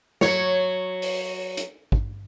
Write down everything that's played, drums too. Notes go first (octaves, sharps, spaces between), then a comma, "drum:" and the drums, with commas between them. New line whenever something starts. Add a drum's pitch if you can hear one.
F#3 C#5, drum: snare
drum: open hi-hat
drum: hi-hat
drum: kick